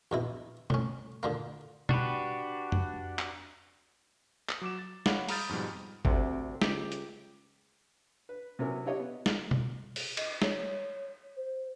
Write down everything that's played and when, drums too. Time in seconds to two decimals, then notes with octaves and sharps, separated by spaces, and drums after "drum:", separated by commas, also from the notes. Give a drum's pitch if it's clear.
0.11 A#1 B2 E4
0.70 A2 C#4, drum: tom B2
1.23 A#2 D3 A#3
1.89 D4 F#4 G4 B4, drum: tom B2
2.72 drum: tom F2
3.19 drum: clap
4.49 drum: clap
4.61 F#3 D6 E7
4.79 A6
5.06 C#5 F5 F#5 B5 D6, drum: snare
5.29 A#5 B5 D#6 F6 G6 A6, drum: open hi-hat
5.49 F2 G#2 B2 G3
6.05 D2 C3 C4, drum: kick G#1
6.62 C#2 G4, drum: snare
6.92 drum: hi-hat
8.29 B4
8.59 C3 F#3 B3 C#4 E4 A#4
8.85 D4 E4 G4 C#5 D#5
9.00 B3
9.26 drum: snare
9.51 drum: tom B2
9.96 drum: open hi-hat
10.17 D#5, drum: cymbal
10.42 C#5, drum: snare
11.37 C5